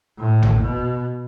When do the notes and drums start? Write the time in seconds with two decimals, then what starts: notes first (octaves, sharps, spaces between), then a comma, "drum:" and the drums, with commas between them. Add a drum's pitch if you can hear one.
0.18 A2
0.42 drum: tom A1
0.61 B2